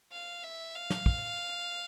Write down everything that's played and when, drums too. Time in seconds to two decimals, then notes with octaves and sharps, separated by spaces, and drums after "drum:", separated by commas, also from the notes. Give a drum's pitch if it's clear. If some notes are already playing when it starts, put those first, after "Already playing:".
0.12 F5
0.43 E5
0.74 F5
0.90 drum: snare
1.06 drum: kick